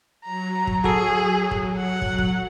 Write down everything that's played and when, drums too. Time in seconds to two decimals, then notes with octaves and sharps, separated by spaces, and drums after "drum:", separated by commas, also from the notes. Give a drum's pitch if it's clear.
0.25 F#3 A#5
0.67 drum: kick
0.84 F#4 G#4 A4, drum: kick
1.51 drum: kick
1.77 F#5
2.02 drum: kick
2.18 drum: kick